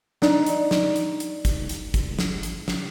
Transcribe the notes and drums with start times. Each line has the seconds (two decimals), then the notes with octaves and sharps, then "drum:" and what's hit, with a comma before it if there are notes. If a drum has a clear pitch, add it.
0.22 D4 D#4 D5, drum: snare
0.46 drum: hi-hat
0.71 drum: snare
0.96 drum: hi-hat
1.20 drum: hi-hat
1.45 drum: kick, hi-hat
1.69 drum: hi-hat
1.94 drum: kick, hi-hat
2.19 drum: snare
2.43 drum: hi-hat
2.68 drum: snare